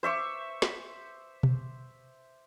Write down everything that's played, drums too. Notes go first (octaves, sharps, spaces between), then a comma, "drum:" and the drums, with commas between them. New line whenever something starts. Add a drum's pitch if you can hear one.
C5 E5 C#6 D6
drum: snare
drum: tom B2